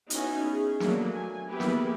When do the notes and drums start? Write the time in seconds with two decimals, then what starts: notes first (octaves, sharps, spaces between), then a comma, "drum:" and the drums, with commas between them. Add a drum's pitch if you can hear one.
0.10 B3 C#4 D#4 E4 F#4, drum: hi-hat
0.43 G#4
0.80 F#3 A3 A#3 D4, drum: snare
1.13 G#5
1.47 A#3 B3 E4 G4 G#4 B4
1.60 drum: snare